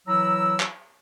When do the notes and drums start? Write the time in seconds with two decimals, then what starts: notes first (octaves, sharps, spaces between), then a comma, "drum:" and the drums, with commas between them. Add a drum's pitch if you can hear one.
0.07 E3 F#3 E4 A#5 E6
0.60 drum: clap